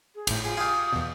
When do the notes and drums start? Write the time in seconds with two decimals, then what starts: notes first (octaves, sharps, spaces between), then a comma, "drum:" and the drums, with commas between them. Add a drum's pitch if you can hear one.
0.15 G#4
0.27 G#1 A2, drum: cymbal
0.45 F4 G#4
0.57 F4 G4 F5 G#5 D#6
0.93 E2 B2